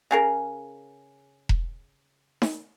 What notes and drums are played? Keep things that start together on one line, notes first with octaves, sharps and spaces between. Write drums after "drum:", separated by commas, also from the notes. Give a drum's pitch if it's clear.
C#3 G#4 A#4
drum: kick E1
drum: snare D#4